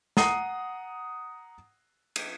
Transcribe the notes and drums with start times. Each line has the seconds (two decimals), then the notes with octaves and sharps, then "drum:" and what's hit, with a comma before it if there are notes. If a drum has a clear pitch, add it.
0.17 F#5 A#5 D#6 C7 D#7, drum: snare
2.16 drum: cymbal